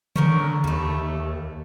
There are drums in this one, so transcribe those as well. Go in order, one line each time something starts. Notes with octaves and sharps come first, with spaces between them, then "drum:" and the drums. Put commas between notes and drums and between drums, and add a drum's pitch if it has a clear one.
D3 C#4 D#4 A#4, drum: tom D#3
D#2 G3 A3